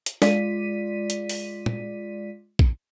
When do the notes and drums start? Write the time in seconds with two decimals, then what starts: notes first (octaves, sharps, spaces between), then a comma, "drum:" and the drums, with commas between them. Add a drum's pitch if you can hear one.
0.06 drum: hi-hat
0.22 G#3 F4 D5 B6 D#7, drum: snare
1.10 drum: hi-hat
1.29 drum: open hi-hat
1.66 drum: tom
2.59 drum: kick